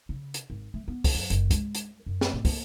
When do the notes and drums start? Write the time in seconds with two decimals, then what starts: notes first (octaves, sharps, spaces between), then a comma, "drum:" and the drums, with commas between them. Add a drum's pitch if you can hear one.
0.09 C#3
0.34 drum: hi-hat
0.50 G#1
0.74 A3
0.88 B3
1.04 drum: kick, open hi-hat
1.15 F#2
1.30 F#1, drum: hi-hat
1.51 G#3, drum: kick, hi-hat
1.75 drum: hi-hat
2.06 F#2
2.21 drum: snare
2.33 A2
2.45 A#3, drum: kick, open hi-hat